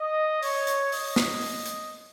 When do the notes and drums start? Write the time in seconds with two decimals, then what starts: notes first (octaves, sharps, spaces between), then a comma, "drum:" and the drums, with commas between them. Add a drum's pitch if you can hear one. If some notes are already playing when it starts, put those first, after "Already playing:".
Already playing: D#5
0.43 C#5, drum: open hi-hat
0.67 drum: hi-hat
0.92 D#5, drum: open hi-hat
1.16 drum: snare
1.41 drum: open hi-hat
1.66 drum: hi-hat